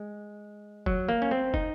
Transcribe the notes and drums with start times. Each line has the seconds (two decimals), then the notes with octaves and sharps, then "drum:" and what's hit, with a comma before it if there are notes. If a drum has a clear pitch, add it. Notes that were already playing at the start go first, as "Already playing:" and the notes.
Already playing: G#3
0.86 F#3, drum: kick
1.08 A#3
1.22 C#4
1.31 C4
1.54 D#4, drum: kick